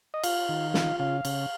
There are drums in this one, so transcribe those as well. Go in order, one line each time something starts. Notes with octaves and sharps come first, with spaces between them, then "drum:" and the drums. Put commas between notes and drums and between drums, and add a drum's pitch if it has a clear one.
D#5
F4 F5, drum: cymbal
D#3
F4, drum: snare
C#3 F5
C#3, drum: cymbal